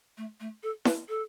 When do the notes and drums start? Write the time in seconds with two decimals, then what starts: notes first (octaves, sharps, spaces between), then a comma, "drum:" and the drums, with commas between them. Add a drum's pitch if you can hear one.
0.17 A3
0.40 A3
0.63 A4
0.85 B4, drum: snare E4
1.09 A4